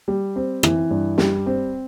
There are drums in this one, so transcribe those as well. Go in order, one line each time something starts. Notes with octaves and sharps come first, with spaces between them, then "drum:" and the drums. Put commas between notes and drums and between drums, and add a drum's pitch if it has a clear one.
G3
C4
E3, drum: rim click
G2
G3, drum: snare
C4